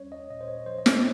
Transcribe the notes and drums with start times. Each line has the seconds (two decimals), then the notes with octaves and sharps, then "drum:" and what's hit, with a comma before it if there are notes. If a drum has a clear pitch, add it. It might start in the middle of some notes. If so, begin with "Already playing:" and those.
Already playing: G3 C#4 C#5
0.12 D#5
0.30 A#2 D#5
0.41 C5
0.48 C#5
0.66 F3 C5
0.79 D#5
0.86 C#5, drum: snare